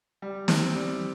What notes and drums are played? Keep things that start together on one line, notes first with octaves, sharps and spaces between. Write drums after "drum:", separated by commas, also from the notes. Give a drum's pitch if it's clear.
G3
C4, drum: snare
G3